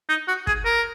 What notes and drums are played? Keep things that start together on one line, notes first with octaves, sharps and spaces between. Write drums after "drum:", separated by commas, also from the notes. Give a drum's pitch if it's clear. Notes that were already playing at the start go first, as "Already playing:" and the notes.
D#4
F#4
G#4, drum: kick
A#4